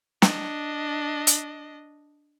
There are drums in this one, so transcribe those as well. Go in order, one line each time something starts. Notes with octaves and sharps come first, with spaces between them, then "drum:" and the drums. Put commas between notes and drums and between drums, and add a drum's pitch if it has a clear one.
D4 D#5, drum: snare
drum: hi-hat